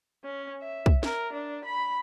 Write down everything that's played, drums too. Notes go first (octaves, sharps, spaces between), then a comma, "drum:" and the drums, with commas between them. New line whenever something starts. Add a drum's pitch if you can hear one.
C#4
E5
drum: kick
A#4, drum: snare
D4
B5